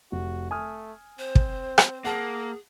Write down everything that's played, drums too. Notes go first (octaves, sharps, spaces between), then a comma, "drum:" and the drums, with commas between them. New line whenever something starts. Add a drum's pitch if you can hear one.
F1 F#4
A3 G#5 D#6 F6
C4 C5
drum: kick
drum: rim click
A#3 G#4 F#5 A5